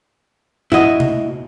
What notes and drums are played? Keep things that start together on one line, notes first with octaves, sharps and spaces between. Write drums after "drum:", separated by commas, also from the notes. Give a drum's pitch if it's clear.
E4 F#4 D#5, drum: tom G#2
drum: tom C3